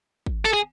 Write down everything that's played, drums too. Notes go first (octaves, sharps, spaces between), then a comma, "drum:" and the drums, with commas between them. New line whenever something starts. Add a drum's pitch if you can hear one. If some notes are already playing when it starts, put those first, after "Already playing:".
drum: kick
A4
G#4